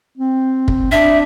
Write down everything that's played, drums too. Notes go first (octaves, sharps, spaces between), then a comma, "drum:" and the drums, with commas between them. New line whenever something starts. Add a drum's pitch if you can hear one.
C4
drum: kick
D4 E5